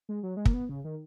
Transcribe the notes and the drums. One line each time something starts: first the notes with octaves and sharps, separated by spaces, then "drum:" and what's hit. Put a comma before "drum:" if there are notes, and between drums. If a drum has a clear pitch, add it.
G#3
F#3
G#3
A#3, drum: kick
B3
C#3
D#3